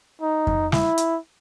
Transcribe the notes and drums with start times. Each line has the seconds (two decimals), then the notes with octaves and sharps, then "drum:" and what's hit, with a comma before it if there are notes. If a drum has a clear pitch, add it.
0.21 D#4
0.47 drum: kick F2
0.72 E4, drum: snare
0.98 drum: hi-hat